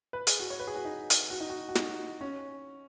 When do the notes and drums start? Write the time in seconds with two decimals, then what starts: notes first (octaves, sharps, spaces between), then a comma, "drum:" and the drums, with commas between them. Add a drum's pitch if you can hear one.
0.13 B4
0.27 G#4, drum: hi-hat
0.40 F#4
0.50 C#5
0.60 B4
0.67 G#4
0.76 F#4
0.85 D#4
1.10 drum: hi-hat
1.30 F#4
1.40 D#4
1.50 F#4
1.69 F#4
1.75 D#4, drum: snare
2.21 C#4